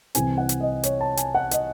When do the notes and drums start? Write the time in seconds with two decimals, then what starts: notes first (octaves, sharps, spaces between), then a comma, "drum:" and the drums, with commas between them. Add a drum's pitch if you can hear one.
0.15 C2 C3 E3 C4 G#5, drum: hi-hat
0.38 F#5
0.49 drum: hi-hat
0.61 D#5
0.83 C#5, drum: hi-hat
1.01 A5
1.17 G#5, drum: hi-hat
1.35 F#5
1.51 D#5, drum: hi-hat